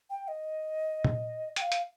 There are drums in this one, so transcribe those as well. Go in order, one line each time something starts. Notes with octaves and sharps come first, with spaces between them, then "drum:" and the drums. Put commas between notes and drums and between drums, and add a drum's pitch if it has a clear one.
G5
D#5
drum: tom A#2
G5, drum: hi-hat
F5
drum: hi-hat